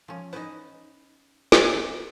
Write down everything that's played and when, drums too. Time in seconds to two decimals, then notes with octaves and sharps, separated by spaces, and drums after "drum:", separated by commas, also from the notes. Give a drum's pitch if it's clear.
0.08 F3 C#4
0.33 B3 C#4 D#4 E4 B4 C5
1.52 drum: snare
1.67 F#4 B4 D5